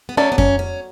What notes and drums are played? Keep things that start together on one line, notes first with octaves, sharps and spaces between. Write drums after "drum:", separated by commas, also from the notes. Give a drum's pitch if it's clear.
B3
F#3 A3 C#4 D5
B3
C#4, drum: kick F2
C#4